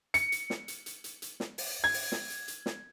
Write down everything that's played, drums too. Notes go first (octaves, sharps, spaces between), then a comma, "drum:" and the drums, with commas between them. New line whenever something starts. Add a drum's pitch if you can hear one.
C#7, drum: hi-hat
drum: hi-hat
drum: snare
drum: hi-hat
drum: hi-hat
drum: hi-hat
drum: hi-hat
drum: snare
drum: open hi-hat
G#6
drum: open hi-hat
drum: snare
drum: hi-hat
drum: hi-hat
drum: snare